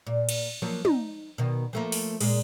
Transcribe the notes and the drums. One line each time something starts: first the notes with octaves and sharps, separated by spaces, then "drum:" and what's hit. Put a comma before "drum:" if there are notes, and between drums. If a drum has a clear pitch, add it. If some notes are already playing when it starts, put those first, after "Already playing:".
A#2
drum: cymbal
F3 F#3 A#3
D#4, drum: tom
B2 D#3
F3 A3 A#3
drum: open hi-hat
A#2 G#3, drum: cymbal